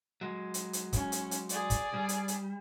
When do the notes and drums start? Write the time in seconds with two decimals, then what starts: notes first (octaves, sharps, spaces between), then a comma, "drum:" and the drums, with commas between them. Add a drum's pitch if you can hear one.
0.21 F#3 G#3
0.54 drum: hi-hat
0.73 drum: hi-hat
0.93 C#4, drum: kick, hi-hat
1.12 drum: hi-hat
1.31 drum: hi-hat
1.49 G#4 D5, drum: hi-hat
1.70 drum: kick, hi-hat
1.94 G3
2.09 drum: hi-hat
2.28 drum: hi-hat